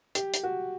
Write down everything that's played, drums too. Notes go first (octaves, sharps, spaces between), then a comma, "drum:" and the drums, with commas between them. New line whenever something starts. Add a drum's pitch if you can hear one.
G4, drum: hi-hat
drum: hi-hat
F#4